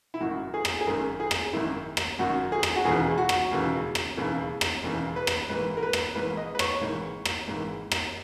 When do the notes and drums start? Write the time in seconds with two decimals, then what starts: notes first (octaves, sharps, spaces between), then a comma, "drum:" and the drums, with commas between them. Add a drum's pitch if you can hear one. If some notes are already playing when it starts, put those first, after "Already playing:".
0.14 E4
0.21 G#1 F#2 D#3 F#4
0.54 G#4
0.65 drum: rim click
0.81 G#4
0.87 G#1 F#2 D#3 A#4
1.20 G#4
1.31 drum: rim click
1.53 G#1 F#2 D#3 E4
1.97 drum: rim click
2.19 G#1 F#2 D#3 F#4
2.52 G#4
2.63 drum: rim click
2.76 F#4
2.85 E1 D#2 C#3 E3 G#4
3.18 F#4
3.29 drum: rim click
3.51 E1 D#2 C#3 E3
3.95 drum: rim click
4.17 E1 D#2 C#3 E3
4.61 drum: rim click
4.83 E1 D#2 C#3 E3
5.16 B4
5.27 drum: rim click
5.49 G#1 G#2 E3 A#3 B4
5.77 A#4
5.83 B4
5.93 drum: rim click
6.15 G#1 G#2 E3 A#3 B4
6.37 D#5
6.55 B4
6.59 C#5, drum: rim click
6.81 G#1 G#2 E3 A#3
7.25 drum: rim click
7.47 G#1 G#2 E3 A#3
7.92 drum: rim click